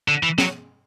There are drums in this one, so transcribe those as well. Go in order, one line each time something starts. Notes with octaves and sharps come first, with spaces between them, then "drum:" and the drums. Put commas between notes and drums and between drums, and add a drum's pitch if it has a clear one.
D3
E3
F#3, drum: snare